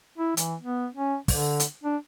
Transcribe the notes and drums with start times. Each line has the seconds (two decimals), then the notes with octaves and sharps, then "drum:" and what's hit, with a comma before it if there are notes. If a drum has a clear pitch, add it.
0.18 E4
0.37 E3, drum: hi-hat
0.61 B3
0.95 C#4
1.28 D3, drum: kick, open hi-hat
1.60 drum: hi-hat
1.84 D4